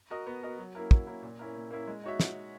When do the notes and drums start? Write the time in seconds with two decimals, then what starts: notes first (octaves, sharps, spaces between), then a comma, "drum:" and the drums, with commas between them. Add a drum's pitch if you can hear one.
0.10 F#4 A#4 D#5
0.27 B3
0.42 F#4 A#4 D#5
0.58 F#3
0.75 A#3 C#4 E4 A#4
0.91 F#3, drum: kick
1.07 A#3 C#4 E4 A#4
1.22 A#2
1.39 A#3 C#4 E4 A#4
1.55 A#2
1.71 A#3 C#4 E4 A#4
1.87 G#3
2.04 D#4 F#4 C#5 E5
2.20 drum: snare